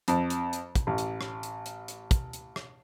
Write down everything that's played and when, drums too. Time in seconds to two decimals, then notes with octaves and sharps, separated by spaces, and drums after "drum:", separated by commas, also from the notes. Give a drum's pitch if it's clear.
0.08 F2, drum: hi-hat
0.30 drum: hi-hat
0.53 drum: hi-hat
0.75 drum: kick, hi-hat
0.87 A1
0.98 drum: hi-hat
1.21 drum: rim click
1.43 drum: hi-hat
1.66 drum: hi-hat
1.88 drum: hi-hat
2.11 drum: kick, hi-hat
2.33 drum: hi-hat
2.56 drum: rim click